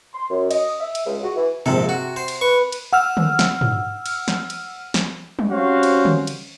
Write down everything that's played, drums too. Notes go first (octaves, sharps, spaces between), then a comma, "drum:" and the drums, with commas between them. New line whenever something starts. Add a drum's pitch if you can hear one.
C6
F#2
D#5, drum: cymbal
E5
drum: cymbal
C#2
F#4
E3
A#1 G#2 C3 A4
F#4
C5 C7
drum: cymbal
B4 C#6
drum: cymbal
F#5 E6 F6
drum: tom
drum: snare
drum: tom
drum: cymbal
drum: snare
drum: cymbal
drum: snare
drum: tom
G3 C4 C#4 F#4 C5 F5
drum: cymbal
drum: tom
drum: cymbal